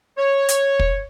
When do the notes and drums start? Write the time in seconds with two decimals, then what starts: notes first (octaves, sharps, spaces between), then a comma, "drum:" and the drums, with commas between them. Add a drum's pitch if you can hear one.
0.18 C#5
0.49 drum: hi-hat
0.79 drum: kick